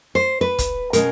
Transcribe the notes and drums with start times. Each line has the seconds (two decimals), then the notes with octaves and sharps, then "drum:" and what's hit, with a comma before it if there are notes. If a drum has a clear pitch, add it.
0.15 C5
0.41 B4
0.58 drum: kick, hi-hat
0.93 B2 G#3 C#4 A#4, drum: hi-hat